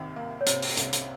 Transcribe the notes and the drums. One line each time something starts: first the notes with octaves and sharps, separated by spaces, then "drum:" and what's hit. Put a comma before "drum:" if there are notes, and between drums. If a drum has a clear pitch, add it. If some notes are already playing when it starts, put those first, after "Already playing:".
Already playing: C2 C3 D#3
A#3
C#5
C3 C5, drum: hi-hat
drum: open hi-hat
C2, drum: hi-hat
drum: hi-hat